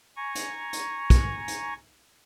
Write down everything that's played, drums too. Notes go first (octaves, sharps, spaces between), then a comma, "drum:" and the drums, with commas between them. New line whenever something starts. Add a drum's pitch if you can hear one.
G#5 A#5 C#6
drum: hi-hat
drum: hi-hat
drum: kick, hi-hat
drum: hi-hat